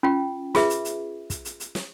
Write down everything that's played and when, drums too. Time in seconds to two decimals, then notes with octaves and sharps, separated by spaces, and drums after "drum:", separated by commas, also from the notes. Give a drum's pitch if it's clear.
0.03 C#4 F4 G5
0.55 F4 G#4 B4 E5, drum: snare
0.70 drum: hi-hat
0.85 drum: hi-hat
1.30 drum: kick, hi-hat
1.45 drum: hi-hat
1.60 drum: hi-hat
1.75 drum: snare